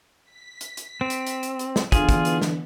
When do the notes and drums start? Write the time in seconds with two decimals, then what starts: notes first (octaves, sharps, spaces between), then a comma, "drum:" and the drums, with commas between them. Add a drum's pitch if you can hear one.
0.23 B6
0.61 drum: hi-hat
0.77 drum: hi-hat
1.01 C4
1.10 drum: hi-hat
1.27 drum: hi-hat
1.43 drum: hi-hat
1.59 drum: hi-hat
1.76 drum: snare
1.92 D3 E3 B3 F4 G#4, drum: kick, hi-hat
2.09 drum: kick, hi-hat
2.25 drum: hi-hat
2.41 drum: snare